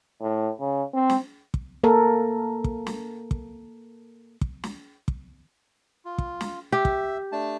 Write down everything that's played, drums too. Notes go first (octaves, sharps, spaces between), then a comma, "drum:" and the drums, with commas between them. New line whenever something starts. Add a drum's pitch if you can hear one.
A2
C#3
C4
drum: snare
drum: kick
A#3 A4 A#4
drum: kick
drum: snare
drum: kick
drum: kick
drum: snare
drum: kick
F4
drum: kick
drum: snare
G4 E5
drum: kick
A3 D4 A5